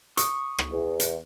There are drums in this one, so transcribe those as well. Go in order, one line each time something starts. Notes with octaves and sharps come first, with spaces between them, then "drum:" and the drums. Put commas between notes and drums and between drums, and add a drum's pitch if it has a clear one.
C#6 D#6, drum: hi-hat
drum: rim click
E2
drum: hi-hat